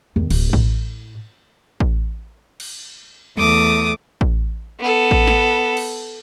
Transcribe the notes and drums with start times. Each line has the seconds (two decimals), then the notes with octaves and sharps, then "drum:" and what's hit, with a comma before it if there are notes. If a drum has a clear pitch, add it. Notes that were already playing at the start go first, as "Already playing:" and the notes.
0.16 E2 D#3
0.30 D1, drum: cymbal
0.53 A2 E4, drum: kick A1
1.80 drum: kick A1
2.60 drum: cymbal
3.37 E2 A3 D6 D#6, drum: tom F#3
4.21 drum: kick A1
4.80 B3 A4
5.11 drum: kick A1
5.27 drum: snare
5.77 drum: cymbal